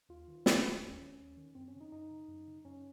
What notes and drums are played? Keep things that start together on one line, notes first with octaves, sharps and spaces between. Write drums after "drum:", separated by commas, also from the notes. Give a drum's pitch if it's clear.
D#2 F4
D#3
D#2, drum: snare
D#3
D#2 C#4
D#3
D#2
D#3
F#2 C4
C#4
C#3
D#4
F#2 D#4
C#3
F#2
C#3
F#2 C#4